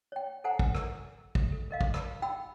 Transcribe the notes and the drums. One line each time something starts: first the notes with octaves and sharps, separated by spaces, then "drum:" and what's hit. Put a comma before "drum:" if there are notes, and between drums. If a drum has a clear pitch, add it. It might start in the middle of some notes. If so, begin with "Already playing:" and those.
C#5 G5
A4 C5 F#5 G#5 A#5
drum: kick
drum: rim click
drum: kick
A4
A#4 D#5 F5
drum: kick
B5, drum: rim click
F#4 G5 B5 E6